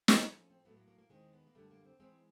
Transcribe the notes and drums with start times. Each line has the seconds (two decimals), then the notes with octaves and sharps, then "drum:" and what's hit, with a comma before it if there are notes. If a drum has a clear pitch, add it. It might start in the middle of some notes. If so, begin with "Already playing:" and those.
0.08 drum: snare
0.20 G#2 F3 A3 F4
0.31 D4
0.35 C#4
0.50 C4
0.65 A2 F#3 A3 B3
0.77 A#3
0.88 A#3
0.98 A#3
1.10 D#2 D#3 G#3 C4
1.33 B3
1.47 A#3
1.55 F#2 D3 G3 A3
1.71 A#3
1.85 C4
2.00 G#2 E3 G#3 C4